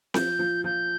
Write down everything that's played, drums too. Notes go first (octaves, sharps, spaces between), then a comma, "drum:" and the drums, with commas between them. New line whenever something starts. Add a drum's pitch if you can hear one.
F3 G6, drum: snare C4
F3
F3 G6